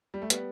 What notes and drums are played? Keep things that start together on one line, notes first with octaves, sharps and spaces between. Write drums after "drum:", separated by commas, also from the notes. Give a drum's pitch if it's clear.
G3
A3
G3 B3, drum: hi-hat